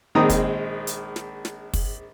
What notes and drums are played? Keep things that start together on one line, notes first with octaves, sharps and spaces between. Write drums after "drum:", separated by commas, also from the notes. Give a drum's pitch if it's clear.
A#1 D#3 G#3 C4 A#5 D#6
drum: kick, hi-hat
drum: hi-hat
drum: snare
drum: snare
drum: kick, open hi-hat